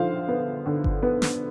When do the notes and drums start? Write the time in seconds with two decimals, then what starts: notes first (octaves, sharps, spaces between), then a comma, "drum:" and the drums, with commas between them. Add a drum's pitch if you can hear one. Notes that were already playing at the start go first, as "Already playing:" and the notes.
Already playing: D3 F3 C5 F5
0.28 B3
0.66 D3
0.84 drum: kick G1
1.03 B3
1.22 drum: snare